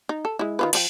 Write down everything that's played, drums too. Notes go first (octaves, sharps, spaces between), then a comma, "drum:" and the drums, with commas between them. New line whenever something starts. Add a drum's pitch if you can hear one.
D#4
A4
G#3 E4
D#3 F4 B4
F3 D#4 G5, drum: cymbal